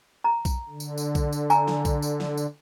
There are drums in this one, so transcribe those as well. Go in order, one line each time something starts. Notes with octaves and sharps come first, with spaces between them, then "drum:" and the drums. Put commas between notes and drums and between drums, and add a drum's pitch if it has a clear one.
A#5
drum: kick B1, tambourine
D3
drum: tambourine
drum: tambourine
drum: kick B1, tambourine
drum: tambourine
G#5 A#5, drum: tambourine
drum: snare
drum: kick B1, tambourine
drum: tambourine
drum: snare
drum: tambourine